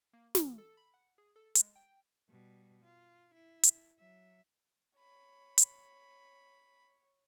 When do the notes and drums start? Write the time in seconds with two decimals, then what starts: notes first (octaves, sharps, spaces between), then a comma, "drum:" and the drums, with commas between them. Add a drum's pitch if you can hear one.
0.13 A#3
0.35 E3, drum: snare
0.58 A4
0.77 B5
0.94 F#5
1.18 G#4
1.36 A4
1.55 G#3, drum: hi-hat
1.76 G5
2.29 B2 G3
2.83 F4
3.34 E4
3.63 drum: hi-hat
3.98 F#3 E5
4.99 C#5 B5
5.58 drum: hi-hat